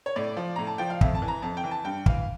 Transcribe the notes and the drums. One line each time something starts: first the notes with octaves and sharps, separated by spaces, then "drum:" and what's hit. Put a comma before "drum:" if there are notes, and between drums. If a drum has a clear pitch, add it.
C#5
A2 D5
F3
A2 A#5
A5
F3 G5
F5
F2 E5, drum: kick
A5
E3
A#5
F2 A5
G5
E3
A5
G2 G5
E3 F5, drum: kick